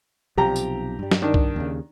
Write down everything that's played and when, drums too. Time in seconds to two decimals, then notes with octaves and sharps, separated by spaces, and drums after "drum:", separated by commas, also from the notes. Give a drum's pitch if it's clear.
0.37 B1 C3 F3 G4 A#5
0.56 drum: tambourine
0.99 G2 G3
1.11 drum: snare
1.22 D#3 D4
1.34 drum: kick B1
1.56 D#2 C#3